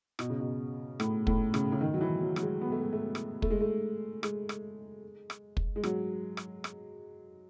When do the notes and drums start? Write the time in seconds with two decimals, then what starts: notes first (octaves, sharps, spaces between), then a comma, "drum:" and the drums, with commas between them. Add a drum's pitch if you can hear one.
0.19 B2, drum: rim click
0.30 C#3
0.39 B2
1.00 A2, drum: rim click
1.27 A2, drum: kick
1.54 C#3, drum: rim click
1.72 C#3
1.81 D#3
1.94 F#3
2.01 E3
2.21 F#3
2.36 F#3, drum: rim click
2.42 G#3
2.61 B3
2.72 A3
2.82 G#3
2.93 A3
3.15 drum: rim click
3.42 A3, drum: kick
3.50 G#3
3.60 A3
4.23 G#3, drum: rim click
4.49 drum: rim click
5.30 drum: rim click
5.57 drum: kick
5.76 G#3
5.83 F#3, drum: rim click
6.37 drum: rim click
6.64 drum: rim click